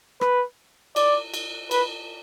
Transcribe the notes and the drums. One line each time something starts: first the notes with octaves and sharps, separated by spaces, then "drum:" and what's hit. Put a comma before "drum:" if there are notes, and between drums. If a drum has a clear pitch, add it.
B4, drum: rim click
D5, drum: cymbal
drum: cymbal
B4, drum: cymbal